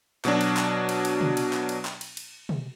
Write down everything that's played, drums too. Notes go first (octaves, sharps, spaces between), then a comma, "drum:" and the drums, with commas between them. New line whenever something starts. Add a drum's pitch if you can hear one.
B2 F#3 D4, drum: clap
drum: cymbal
drum: clap
drum: cymbal
drum: cymbal
drum: tom
drum: cymbal
drum: clap
drum: cymbal
drum: clap
drum: cymbal
drum: cymbal
drum: tom